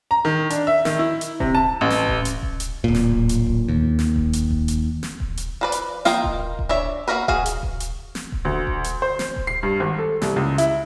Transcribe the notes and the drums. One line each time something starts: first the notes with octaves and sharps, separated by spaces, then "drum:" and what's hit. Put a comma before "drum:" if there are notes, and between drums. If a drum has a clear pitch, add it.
A#5
D#3
D4, drum: hi-hat
E5
D#3, drum: snare
E4
drum: hi-hat
C3, drum: kick D#1
A5
A1
drum: snare
drum: kick D#1
drum: hi-hat
drum: kick D#1
drum: hi-hat
D1 A#2
drum: snare
drum: kick D#1
drum: hi-hat
drum: kick D#1
D#2
drum: snare
drum: kick D#1
drum: hi-hat
drum: kick D#1
drum: hi-hat
drum: snare
drum: kick D#1
drum: hi-hat
F3 B4 D5
drum: hi-hat
A#3 F4 A#4 D#5 G5, drum: snare
drum: kick D#1
drum: kick D#1
D4 C#5 E5
A#3 E4 F#4 A#4 B4
F#4 G#4 F5, drum: kick D#1
drum: hi-hat
drum: kick D#1
drum: hi-hat
drum: snare
drum: kick D#1
D2
drum: kick D#1
drum: hi-hat
C5
drum: snare
drum: kick D#1
C7
G2
G#1
A4
C2, drum: snare
C#2
E4, drum: hi-hat